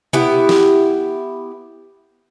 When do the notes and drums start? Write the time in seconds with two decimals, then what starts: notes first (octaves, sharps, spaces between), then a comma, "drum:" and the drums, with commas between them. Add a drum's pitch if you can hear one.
0.13 B3 E4 G4, drum: tom B2
0.49 drum: snare